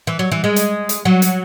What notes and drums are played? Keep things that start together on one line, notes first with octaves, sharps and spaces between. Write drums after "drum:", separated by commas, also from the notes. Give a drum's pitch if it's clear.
E3
F#3
E3
G#3
drum: hi-hat
drum: hi-hat
F#3
drum: hi-hat